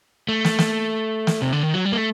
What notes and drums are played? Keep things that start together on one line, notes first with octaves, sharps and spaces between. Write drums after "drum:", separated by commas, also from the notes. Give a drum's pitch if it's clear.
A3
drum: snare
drum: snare
drum: snare
C3
D3
D#3
F#3
G3
A#3
A3